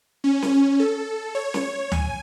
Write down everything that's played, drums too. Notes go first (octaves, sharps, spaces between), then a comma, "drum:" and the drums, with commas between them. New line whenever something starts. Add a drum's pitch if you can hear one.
C#4
drum: snare
A4
C#5
drum: snare
G#5, drum: tom D2